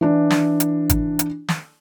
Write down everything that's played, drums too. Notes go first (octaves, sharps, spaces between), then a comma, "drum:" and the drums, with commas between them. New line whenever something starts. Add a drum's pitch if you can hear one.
E3 D4 E4
drum: snare
drum: hi-hat
drum: kick G#1, hi-hat
drum: hi-hat
drum: snare